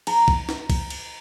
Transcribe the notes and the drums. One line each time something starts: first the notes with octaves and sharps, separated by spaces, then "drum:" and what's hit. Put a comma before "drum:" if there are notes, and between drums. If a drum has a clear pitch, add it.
A#5, drum: cymbal
drum: kick
drum: snare
drum: kick, cymbal
drum: cymbal